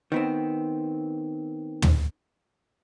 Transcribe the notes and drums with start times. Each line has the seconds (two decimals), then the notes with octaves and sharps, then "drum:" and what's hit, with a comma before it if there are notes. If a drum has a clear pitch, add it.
0.12 D#3 B3 C4
1.82 drum: tom